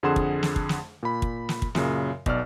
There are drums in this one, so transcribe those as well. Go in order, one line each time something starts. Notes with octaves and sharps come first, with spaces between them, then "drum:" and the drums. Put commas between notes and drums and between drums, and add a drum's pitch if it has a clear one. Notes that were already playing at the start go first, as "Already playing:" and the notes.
F2 D3 G#4 F#5 C6 E7
drum: kick
drum: snare
drum: kick
drum: snare
A#2 B5
drum: kick
drum: snare
drum: kick
F#2 A#2 C#3, drum: snare
B1 B2 D5 F6, drum: kick